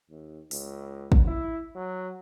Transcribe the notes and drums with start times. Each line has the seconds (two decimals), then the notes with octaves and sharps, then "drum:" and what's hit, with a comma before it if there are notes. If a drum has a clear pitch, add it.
0.10 D#2
0.51 C#2, drum: open hi-hat
1.12 drum: kick
1.28 E4
1.75 F#3